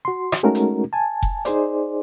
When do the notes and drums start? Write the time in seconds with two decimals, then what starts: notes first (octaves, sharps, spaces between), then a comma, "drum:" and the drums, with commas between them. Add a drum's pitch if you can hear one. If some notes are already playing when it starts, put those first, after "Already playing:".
0.05 F#4 C6
0.32 drum: rim click
0.43 G#3 A3 C#4 D#4 F#4 A#4
0.55 drum: hi-hat
0.93 G#5 A5
1.22 drum: kick F1
1.45 D#4 G#4 C5 D5, drum: hi-hat